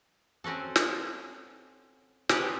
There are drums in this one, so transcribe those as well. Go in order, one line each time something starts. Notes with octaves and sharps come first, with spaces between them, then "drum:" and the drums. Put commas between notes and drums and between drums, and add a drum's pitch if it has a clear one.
C4 C#4 F#4 A4
drum: snare
C4 G4 G#4 B4 C#5 A5, drum: snare